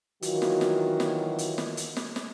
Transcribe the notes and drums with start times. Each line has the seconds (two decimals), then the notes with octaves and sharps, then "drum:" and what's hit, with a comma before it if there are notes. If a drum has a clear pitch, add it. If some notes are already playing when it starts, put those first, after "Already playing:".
0.22 D#3 E3 F#3 F4 F#4, drum: hi-hat
0.42 drum: snare
0.61 drum: snare
1.00 drum: snare
1.38 drum: hi-hat
1.58 drum: snare
1.77 drum: hi-hat
1.97 drum: snare
2.16 drum: snare